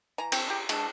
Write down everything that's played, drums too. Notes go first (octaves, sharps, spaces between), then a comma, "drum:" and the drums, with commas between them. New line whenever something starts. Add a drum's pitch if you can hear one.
E3 G#5 A#5
C4, drum: cymbal
G4 A#5
G#3 D4 A5, drum: cymbal